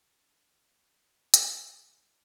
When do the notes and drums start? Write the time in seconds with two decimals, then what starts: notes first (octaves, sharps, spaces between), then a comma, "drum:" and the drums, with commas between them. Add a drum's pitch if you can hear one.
0.10 C3 A#3 D4
0.86 G2 B2 F3 A3
1.34 C#4 E4 F4 G#4, drum: hi-hat
1.54 F#4 G5
1.83 B3 C#4 D#5 G#5